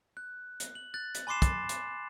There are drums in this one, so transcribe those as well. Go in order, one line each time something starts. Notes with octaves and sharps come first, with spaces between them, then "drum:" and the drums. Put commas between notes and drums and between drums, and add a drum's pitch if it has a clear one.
F#6
drum: hi-hat
F#7
F#6 A6
drum: hi-hat
G#5 B5 C6 D6 C7 E7
A6, drum: kick, hi-hat
drum: hi-hat